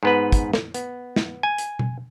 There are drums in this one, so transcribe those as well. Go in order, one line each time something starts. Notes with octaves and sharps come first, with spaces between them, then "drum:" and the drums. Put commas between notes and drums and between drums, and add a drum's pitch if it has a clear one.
G#2 B3 B4
drum: kick, hi-hat
drum: snare
B3, drum: hi-hat
drum: snare
G#5
drum: hi-hat
drum: tom B2